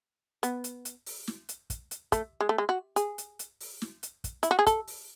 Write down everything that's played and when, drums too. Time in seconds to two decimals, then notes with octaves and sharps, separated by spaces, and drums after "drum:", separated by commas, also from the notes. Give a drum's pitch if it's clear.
0.43 B3, drum: hi-hat
0.64 drum: hi-hat
0.85 drum: hi-hat
1.06 drum: open hi-hat
1.27 drum: snare
1.49 drum: hi-hat
1.70 drum: kick, hi-hat
1.91 drum: hi-hat
2.12 A3, drum: kick, hi-hat
2.40 G#3
2.49 A3
2.58 G#3
2.69 F#4
2.96 G#4, drum: hi-hat
3.18 drum: hi-hat
3.39 drum: hi-hat
3.60 drum: open hi-hat
3.82 drum: snare
4.03 drum: hi-hat
4.24 drum: kick, hi-hat
4.43 E4, drum: hi-hat
4.51 F#4
4.59 G#4
4.67 A4, drum: kick, hi-hat
4.87 drum: open hi-hat